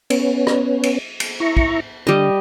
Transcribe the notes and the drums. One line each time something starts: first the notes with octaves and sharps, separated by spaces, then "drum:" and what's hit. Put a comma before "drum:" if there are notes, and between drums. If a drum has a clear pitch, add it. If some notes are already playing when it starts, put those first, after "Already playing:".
B3 C#4, drum: cymbal
drum: rim click
drum: cymbal
drum: cymbal
E4 A#5 C#6
drum: kick
D3 G3 D#5